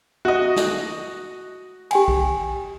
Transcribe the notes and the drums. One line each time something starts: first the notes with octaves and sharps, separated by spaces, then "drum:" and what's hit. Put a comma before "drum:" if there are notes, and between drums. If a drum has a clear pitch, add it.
F#4 D#5 E5 D#6
drum: snare
G4 G5 G#5, drum: cymbal
drum: kick B1